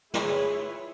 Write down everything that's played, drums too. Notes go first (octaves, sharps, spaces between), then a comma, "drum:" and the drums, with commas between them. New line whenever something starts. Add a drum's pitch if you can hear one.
E4 F4 G#4 B4 C#5, drum: snare